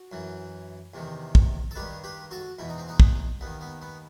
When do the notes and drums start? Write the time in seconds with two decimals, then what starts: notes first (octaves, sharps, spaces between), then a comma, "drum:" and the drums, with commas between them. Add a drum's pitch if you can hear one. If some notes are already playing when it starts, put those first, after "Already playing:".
Already playing: F#4
0.12 F#2 E3
0.94 E2 C3 D#3
1.35 drum: kick
1.71 A4
1.75 G2 D#3 G4 B4
2.04 G4 B4
2.31 F#4 A4
2.59 E2 B2 E4
2.69 D#4
2.78 C4
2.88 B3 D#4
3.00 drum: kick
3.41 D#2 D#3 B3
3.61 B3
3.82 B3